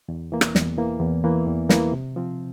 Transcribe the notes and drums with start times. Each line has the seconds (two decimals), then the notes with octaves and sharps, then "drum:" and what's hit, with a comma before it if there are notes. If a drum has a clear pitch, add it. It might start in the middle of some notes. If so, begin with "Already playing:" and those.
0.09 E2
0.32 E3 A#3
0.41 drum: rim click
0.55 E2, drum: snare
0.78 E3 A#3
1.00 E2
1.24 E3 A#3
1.47 E2
1.70 E3 A#3, drum: snare
1.92 C3
2.16 F3 C4